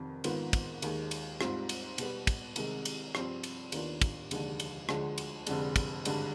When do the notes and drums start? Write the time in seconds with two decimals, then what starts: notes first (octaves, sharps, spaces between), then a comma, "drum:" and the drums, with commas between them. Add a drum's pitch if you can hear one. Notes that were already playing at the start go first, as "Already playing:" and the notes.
Already playing: F1 F2 D#3
0.24 G#2 D#3 B3 F4, drum: cymbal
0.53 drum: kick, cymbal
0.82 D#2 D#3 G#3, drum: cymbal
1.11 drum: cymbal
1.41 G#2 G3 C4 F4, drum: rim click
1.69 drum: cymbal
1.98 B2 G3 B3, drum: cymbal
2.27 drum: kick, cymbal
2.56 C2 C3 D#3 G#3, drum: cymbal
2.85 drum: cymbal
3.15 G2 F3 C4, drum: rim click
3.43 drum: cymbal
3.72 D#2 D#3 B3 D4 F4, drum: cymbal
4.02 drum: kick, cymbal
4.31 F1 D#2 D3 G#3, drum: cymbal
4.60 drum: cymbal
4.89 D2 D3 F3 G#3, drum: rim click
5.18 drum: cymbal
5.47 F1 F2 D3 G#3, drum: cymbal
5.76 drum: kick, cymbal
6.05 G#1 G2 D3 G#3 D4, drum: cymbal